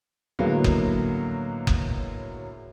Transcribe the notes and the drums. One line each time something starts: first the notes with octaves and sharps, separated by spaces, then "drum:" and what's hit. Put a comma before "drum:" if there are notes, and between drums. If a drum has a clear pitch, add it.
A2 D3 F#3 G#3 A#3 B3
drum: kick F#1
drum: kick F#1